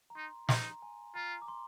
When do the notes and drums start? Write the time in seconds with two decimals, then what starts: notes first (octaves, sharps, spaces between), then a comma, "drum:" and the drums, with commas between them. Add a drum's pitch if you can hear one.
0.10 A#5
0.15 D#4 C6
0.49 D#4 A#5, drum: snare
0.82 G#5
1.15 F4 A#5
1.42 D6
1.48 C6